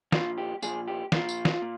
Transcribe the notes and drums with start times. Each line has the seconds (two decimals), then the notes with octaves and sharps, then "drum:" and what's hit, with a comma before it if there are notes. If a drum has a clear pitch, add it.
0.12 A#2 F3 F4, drum: snare
0.38 G4
0.62 A#2 F3 G#4, drum: tambourine
0.88 G4
1.12 A#2 F3 F4, drum: snare
1.29 drum: tambourine
1.45 drum: snare
1.62 A#2